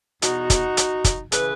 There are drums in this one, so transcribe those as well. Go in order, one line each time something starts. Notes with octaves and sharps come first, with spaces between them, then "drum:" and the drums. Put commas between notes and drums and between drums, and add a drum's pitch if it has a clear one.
E2 B2 D#4 F#4, drum: hi-hat
drum: kick, hi-hat
drum: hi-hat
drum: kick, hi-hat
C#3 E3 G#4 B4, drum: hi-hat